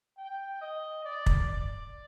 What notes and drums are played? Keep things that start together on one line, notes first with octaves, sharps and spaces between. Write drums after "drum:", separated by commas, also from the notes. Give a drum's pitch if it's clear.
G5
D#5
D5
drum: kick
D5